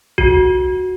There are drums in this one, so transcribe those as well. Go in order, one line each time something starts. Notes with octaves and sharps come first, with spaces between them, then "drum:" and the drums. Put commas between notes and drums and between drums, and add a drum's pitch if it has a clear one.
F#4, drum: kick B1